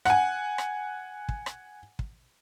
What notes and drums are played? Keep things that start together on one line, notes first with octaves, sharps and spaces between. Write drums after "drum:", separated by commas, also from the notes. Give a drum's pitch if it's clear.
F#5 G#5, drum: rim click
drum: rim click
drum: kick
drum: rim click
drum: kick